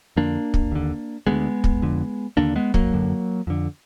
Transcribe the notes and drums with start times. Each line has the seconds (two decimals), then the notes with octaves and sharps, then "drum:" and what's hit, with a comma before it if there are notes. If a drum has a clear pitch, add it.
0.16 F2 D3 A#3 D4
0.54 drum: kick
0.72 D#2 D3
1.27 D2 D3 G#3 B3
1.64 drum: kick
1.82 F2 D3
2.37 D#2 D3 A#3 D4
2.56 G#3 B3
2.74 F#3 A#3, drum: kick
2.93 F#2 D3
3.47 F2 D3